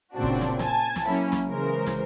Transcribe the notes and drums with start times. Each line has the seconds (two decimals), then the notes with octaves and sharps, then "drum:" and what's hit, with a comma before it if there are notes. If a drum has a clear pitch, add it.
0.13 A#2 C#3 C4 D4 F#4
0.23 drum: kick
0.41 drum: snare
0.59 G#5 A5, drum: snare
0.96 drum: snare
1.06 F#3 A#3 C#4 E4
1.32 drum: snare
1.47 C#3 E3 G#3 A#4 C5
1.86 drum: snare